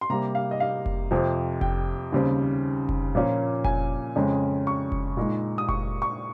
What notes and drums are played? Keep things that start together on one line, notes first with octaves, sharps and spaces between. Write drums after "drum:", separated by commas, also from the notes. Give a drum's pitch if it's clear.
C6
C3 G3 A#3 A#5
F5
D#5
F5
drum: kick F1
F2 C3 F3
G5, drum: kick F1
D#2 C#3 G3 C4
drum: kick F1
A#2 F3 A#3 C#4 F4
G#5, drum: kick F1
F2 C#3 G#3 C#4
C#6
drum: kick F1
A#2 G#3 D#4
D#6
C#6, drum: kick F1
C#6